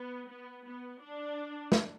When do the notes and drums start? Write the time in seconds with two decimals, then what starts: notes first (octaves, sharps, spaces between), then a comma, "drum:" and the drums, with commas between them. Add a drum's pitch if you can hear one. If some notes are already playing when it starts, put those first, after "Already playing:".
Already playing: B3
0.29 B3
0.66 B3
1.02 D4
1.72 drum: snare